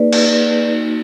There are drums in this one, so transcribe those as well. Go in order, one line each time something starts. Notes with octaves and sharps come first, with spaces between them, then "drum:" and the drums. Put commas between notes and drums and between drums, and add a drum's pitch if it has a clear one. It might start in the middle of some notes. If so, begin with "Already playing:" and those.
Already playing: A#3 D#4 G#4 B4 D5
drum: cymbal
A#3 D#4 F#4